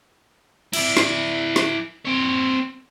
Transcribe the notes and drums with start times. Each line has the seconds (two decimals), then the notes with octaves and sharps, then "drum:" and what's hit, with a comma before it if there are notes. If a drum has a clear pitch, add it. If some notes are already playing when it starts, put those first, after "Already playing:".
0.73 E4 D5, drum: cymbal
0.97 drum: snare
1.56 drum: snare
2.06 C4 C#5